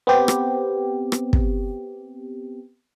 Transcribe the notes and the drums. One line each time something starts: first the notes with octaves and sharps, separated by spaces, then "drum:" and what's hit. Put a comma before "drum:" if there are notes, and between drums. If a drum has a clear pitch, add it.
B3 C4 G4
drum: rim click
drum: rim click
drum: kick